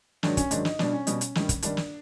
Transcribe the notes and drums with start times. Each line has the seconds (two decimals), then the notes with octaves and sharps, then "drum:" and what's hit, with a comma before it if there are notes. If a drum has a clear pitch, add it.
0.23 G#2 D#3 F#3 D4, drum: snare
0.37 C#4, drum: kick, hi-hat
0.51 G#2 D#3 F#3 D4, drum: hi-hat
0.65 D#4, drum: snare
0.79 B2 G3 D4, drum: snare
0.93 C#4
1.07 B2 G3, drum: hi-hat
1.21 drum: hi-hat
1.35 G2 D#3 G3, drum: snare
1.49 drum: kick, hi-hat
1.62 G2 D#3 G3 D4, drum: hi-hat
1.77 drum: snare